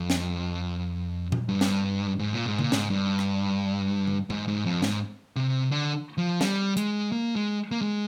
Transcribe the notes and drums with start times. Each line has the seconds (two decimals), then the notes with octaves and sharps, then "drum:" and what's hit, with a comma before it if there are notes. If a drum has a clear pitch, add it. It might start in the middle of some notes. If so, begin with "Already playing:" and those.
Already playing: F2
0.10 drum: snare
1.32 drum: tom A#2
1.49 G2
1.61 drum: snare
2.19 G#2
2.33 A#2
2.46 G#2
2.59 A#2, drum: tom C#3
2.72 G#2, drum: snare
2.90 G2
3.19 drum: rim click
4.07 drum: tom
4.30 G#2, drum: tom G#2
4.48 G#2
4.65 F2
4.82 G#2, drum: snare
5.36 C3
5.71 D3
6.18 F3
6.41 G3, drum: snare
6.77 G#3, drum: hi-hat
7.12 A#3
7.36 G#3
7.71 A#3
7.81 G#3